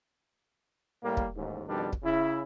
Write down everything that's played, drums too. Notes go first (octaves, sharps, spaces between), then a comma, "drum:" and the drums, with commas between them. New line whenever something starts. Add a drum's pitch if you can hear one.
A2 G3 A#3
drum: kick
A1 D#2 G#2
F2 B2 D#3 G3 D4
drum: kick
C#3 E4